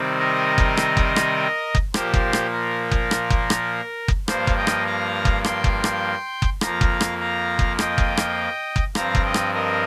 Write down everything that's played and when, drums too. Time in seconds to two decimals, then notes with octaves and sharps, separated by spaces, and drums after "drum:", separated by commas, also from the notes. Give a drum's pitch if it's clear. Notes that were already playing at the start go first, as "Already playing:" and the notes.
Already playing: C3 D#3 G3 C4
0.19 A#4 D#5
0.58 drum: kick F#1
0.77 drum: rim click
0.97 drum: kick F#1
1.16 drum: rim click
1.75 drum: kick F#1
1.94 A#2 F3 A#3 G4 C5, drum: rim click
2.14 drum: kick F#1
2.33 drum: rim click
2.52 A#4
2.92 drum: kick F#1
3.11 drum: rim click
3.31 drum: kick F#1
3.50 drum: rim click
4.08 drum: kick F#1
4.28 G2 F3 A#3 C5 F5, drum: rim click
4.47 drum: kick F#1
4.57 D#5 G5
4.67 drum: rim click
4.86 F5 A#5
5.25 drum: kick F#1
5.44 G5 C6, drum: rim click
5.64 drum: kick F#1
5.84 drum: rim click
6.42 drum: kick F#1
6.61 F2 F3 A#3 F5 A#5, drum: rim click
6.81 drum: kick F#1
7.01 drum: rim click
7.20 F5 A#5
7.59 drum: kick F#1
7.79 D#5 G5, drum: rim click
7.98 drum: kick F#1
8.17 drum: rim click
8.76 drum: kick F#1
8.95 G2 F3 C4 F5 A#5, drum: rim click
9.15 drum: kick F#1
9.24 D#5 G5
9.34 drum: rim click
9.54 A#4 D#5